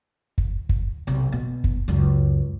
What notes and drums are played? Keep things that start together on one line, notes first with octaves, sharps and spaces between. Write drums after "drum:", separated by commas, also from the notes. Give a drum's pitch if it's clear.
drum: kick
drum: kick
B1 C3
B2
drum: kick
C#2 F#2